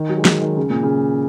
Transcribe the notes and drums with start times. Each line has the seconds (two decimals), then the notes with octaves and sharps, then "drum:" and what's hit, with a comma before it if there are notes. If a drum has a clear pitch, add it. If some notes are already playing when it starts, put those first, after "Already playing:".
Already playing: D#3
0.09 F#3
0.18 G#3
0.25 F#3, drum: snare
0.41 D#3
0.57 C#3
0.70 A#2
0.83 C#3